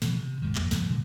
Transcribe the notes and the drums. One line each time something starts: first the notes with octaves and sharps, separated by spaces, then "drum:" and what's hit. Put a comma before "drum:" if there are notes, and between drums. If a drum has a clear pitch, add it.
B2 E3 F3, drum: snare
C3
D#1 G#2 D#3
F2 A#3, drum: clap
C#2 G2 F3 B3, drum: snare
A#2 D3 F#3 G#3